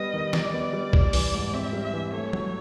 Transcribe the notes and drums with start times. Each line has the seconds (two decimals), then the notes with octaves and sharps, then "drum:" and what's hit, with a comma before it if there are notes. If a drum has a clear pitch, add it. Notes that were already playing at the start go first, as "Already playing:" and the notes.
Already playing: G3 B3 D#5
0.13 D#3
0.33 D#4 D5, drum: snare
0.54 B3
0.73 G3
0.93 G3, drum: kick
1.13 E3, drum: open hi-hat
1.33 G#2
1.53 C4 E5
1.73 G3
1.83 E5
1.93 E3
2.13 A3 C#5
2.33 F#3, drum: tom